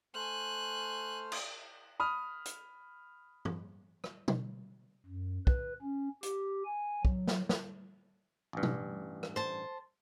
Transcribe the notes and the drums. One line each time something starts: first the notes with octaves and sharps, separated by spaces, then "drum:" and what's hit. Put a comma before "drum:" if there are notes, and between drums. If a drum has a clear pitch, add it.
A3 C5 G#5 F6 F#6
drum: cymbal
B5 D#6 F6
drum: hi-hat
drum: tom
drum: rim click
drum: tom B2
F#2
B4, drum: kick
C#4
G4, drum: hi-hat
G#5
F#3, drum: kick
drum: snare
drum: snare
A1 G2
drum: tom B2
drum: rim click
C5 A5